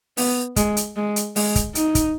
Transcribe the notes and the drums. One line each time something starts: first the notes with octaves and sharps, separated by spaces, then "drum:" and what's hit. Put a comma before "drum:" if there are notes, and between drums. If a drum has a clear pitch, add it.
B3, drum: open hi-hat
G#3, drum: kick, hi-hat
drum: hi-hat
G#3
drum: hi-hat
G#3, drum: open hi-hat
drum: kick, hi-hat
D#4, drum: hi-hat
drum: kick, hi-hat